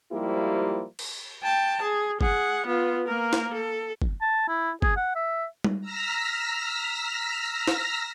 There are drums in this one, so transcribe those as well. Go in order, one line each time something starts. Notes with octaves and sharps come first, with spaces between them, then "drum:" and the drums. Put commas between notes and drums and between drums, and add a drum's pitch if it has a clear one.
G#2 F3 G3 A#3 E4 G4
drum: cymbal
G5 A5
G#4
G#4 F#5, drum: kick
B3 F4
A#3 A#4
drum: snare
A4
drum: kick
A5
E4
G#4, drum: kick
F#5
E5
drum: tom G3
A#5 E6 F6 A#6 B6
drum: snare